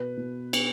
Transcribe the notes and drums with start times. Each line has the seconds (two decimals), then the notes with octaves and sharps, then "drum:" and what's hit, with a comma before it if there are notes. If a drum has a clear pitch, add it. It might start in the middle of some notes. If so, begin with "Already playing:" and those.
Already playing: B2 B4
0.17 B2
0.53 B3, drum: cymbal